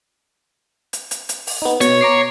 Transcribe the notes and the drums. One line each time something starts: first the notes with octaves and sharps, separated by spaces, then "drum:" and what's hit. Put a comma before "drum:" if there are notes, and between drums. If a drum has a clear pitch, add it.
drum: hi-hat
drum: hi-hat
drum: hi-hat
drum: open hi-hat
B3 D#4
B2 C#5, drum: hi-hat
A#5 D6 C7